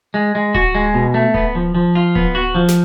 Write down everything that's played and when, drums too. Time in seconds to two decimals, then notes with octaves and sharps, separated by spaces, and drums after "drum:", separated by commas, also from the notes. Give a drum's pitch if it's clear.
0.14 G#3
0.35 G#3
0.54 F#4, drum: kick D1
0.75 G#3
0.94 B2
1.14 A3
1.34 B3, drum: kick D1
1.55 F3
1.75 F3
1.95 F4
2.15 B3, drum: kick D1
2.35 F#4
2.55 F3
2.68 drum: snare